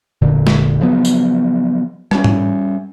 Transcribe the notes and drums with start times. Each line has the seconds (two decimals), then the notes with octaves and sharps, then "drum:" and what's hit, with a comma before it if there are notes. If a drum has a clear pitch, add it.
0.22 F1 A#2 D3
0.47 drum: snare
0.81 C#3 F3 F#3 B3
1.05 drum: tambourine
2.11 G3 C#4, drum: rim click
2.24 drum: tom G#2